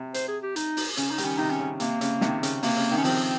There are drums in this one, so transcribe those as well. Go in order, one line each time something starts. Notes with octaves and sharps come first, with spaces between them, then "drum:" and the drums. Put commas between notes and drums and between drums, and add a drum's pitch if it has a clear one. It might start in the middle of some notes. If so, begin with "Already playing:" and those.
Already playing: C3
C5, drum: hi-hat
G#4
G4
D#4, drum: hi-hat
drum: open hi-hat
C#3 C#4, drum: hi-hat
D#4
D#3 G3, drum: hi-hat
C#4
C3 D#3 D#4
C#4
C#3
C3 A#3, drum: hi-hat
C#3, drum: hi-hat
C3 D#3, drum: snare
C#3, drum: hi-hat
C3 A#3, drum: open hi-hat
C#3
C3 D#3
C#4
C#3 F3 C4, drum: open hi-hat